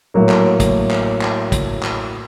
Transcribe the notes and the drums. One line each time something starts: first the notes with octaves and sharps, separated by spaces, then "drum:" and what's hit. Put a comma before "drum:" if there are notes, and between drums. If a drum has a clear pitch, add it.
A2 F#3 A#3
drum: clap
drum: kick, hi-hat
drum: clap
drum: clap
drum: kick, hi-hat
drum: clap